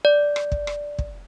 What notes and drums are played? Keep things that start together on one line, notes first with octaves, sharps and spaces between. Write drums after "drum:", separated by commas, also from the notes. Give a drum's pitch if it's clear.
D5
drum: rim click
drum: kick
drum: rim click
drum: kick